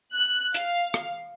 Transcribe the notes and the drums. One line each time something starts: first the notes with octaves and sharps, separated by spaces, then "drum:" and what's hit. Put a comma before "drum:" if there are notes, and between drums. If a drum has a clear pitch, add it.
F#6
F5, drum: hi-hat
drum: rim click